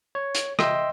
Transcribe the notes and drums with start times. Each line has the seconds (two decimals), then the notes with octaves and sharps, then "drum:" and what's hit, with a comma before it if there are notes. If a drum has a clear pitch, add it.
0.15 C#5
0.35 drum: hi-hat
0.59 D#5 E5 G5 C6 E6, drum: rim click